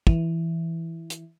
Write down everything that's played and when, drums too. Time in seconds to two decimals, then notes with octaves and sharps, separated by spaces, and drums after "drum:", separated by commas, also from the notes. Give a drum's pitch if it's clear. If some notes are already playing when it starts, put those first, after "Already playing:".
0.07 E3, drum: kick
1.10 drum: hi-hat